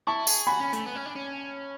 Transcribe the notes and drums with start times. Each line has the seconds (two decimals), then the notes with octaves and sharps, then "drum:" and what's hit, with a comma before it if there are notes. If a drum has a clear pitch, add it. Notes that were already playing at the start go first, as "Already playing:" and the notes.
0.07 E4 A5 C#6
0.27 G#4, drum: tambourine
0.47 F#4 G#5 B5
0.60 C#4
0.73 A3, drum: hi-hat
0.86 B3
0.96 C#4
1.06 D4
1.16 C#4